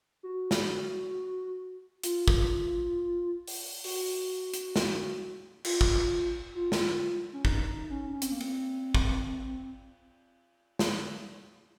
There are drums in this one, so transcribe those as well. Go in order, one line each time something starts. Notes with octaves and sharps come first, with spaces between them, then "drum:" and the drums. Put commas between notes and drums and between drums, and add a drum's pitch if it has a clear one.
F#4
drum: snare
F4, drum: hi-hat
drum: kick
drum: open hi-hat
F#4, drum: open hi-hat
drum: hi-hat
drum: snare
F4, drum: cymbal
drum: kick
F4
drum: snare
C#4
D#4, drum: kick
D#4
C#4
C#4
C4, drum: hi-hat
A#3
C4, drum: cymbal
drum: kick
drum: snare